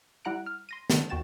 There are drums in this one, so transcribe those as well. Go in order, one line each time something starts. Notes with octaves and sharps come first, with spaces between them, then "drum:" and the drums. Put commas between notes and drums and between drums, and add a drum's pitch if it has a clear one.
G3 E4 F#5 A#5 F#6 D7
F6
C6 A#6 D#7
D3 D#3, drum: snare
D#2 F#4 G5 A6 E7